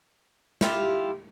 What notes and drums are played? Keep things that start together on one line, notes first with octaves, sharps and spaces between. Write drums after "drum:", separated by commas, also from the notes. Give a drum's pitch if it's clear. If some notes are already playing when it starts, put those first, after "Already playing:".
E4 F4 G4, drum: snare